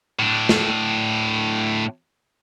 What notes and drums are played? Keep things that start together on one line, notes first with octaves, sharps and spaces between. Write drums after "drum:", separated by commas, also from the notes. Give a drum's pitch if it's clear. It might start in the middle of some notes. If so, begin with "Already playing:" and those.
A2 D4
drum: snare